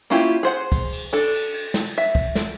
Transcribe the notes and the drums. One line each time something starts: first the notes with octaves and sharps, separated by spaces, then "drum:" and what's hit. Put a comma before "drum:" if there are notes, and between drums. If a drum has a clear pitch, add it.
A#3 C#4 E4 F4 G4
G#4 C5 F#5
drum: kick, cymbal
drum: cymbal
D4 A4, drum: cymbal
drum: cymbal
drum: cymbal
drum: snare
E5
drum: kick
drum: snare